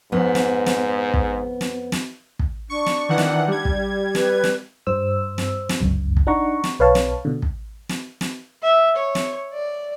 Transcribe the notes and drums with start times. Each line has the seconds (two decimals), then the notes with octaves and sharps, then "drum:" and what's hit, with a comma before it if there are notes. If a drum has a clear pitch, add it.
0.12 F2 G#2 B3
0.35 drum: snare
0.67 drum: snare
1.14 drum: kick
1.61 drum: snare
1.92 drum: snare
2.39 drum: kick
2.70 D4 C#6
2.87 drum: snare
3.09 D#3 E3 F#5
3.18 drum: snare
3.48 G3 G#6
3.65 drum: kick
4.15 B4, drum: snare
4.44 drum: snare
4.87 G2 C5 E6
5.38 drum: snare
5.69 drum: snare
5.81 G1 C#2 F#2
6.17 drum: kick
6.27 D4 D#4 F#5 A#5 C#6
6.64 drum: snare
6.79 B1 B4 C#5 F5 A5
6.95 drum: snare
7.25 B2 D3
7.42 drum: kick
7.89 drum: snare
8.21 drum: snare
8.63 E5
8.97 C#5
9.15 drum: snare
9.54 D5